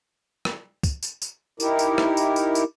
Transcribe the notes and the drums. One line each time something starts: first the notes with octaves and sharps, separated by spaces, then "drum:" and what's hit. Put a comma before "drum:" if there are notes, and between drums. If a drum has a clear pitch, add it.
drum: rim click
drum: kick, tambourine
drum: tambourine
drum: tambourine
D#4 E4 G4 A#4, drum: tambourine
drum: tambourine
drum: rim click
drum: tambourine
drum: tambourine
drum: tambourine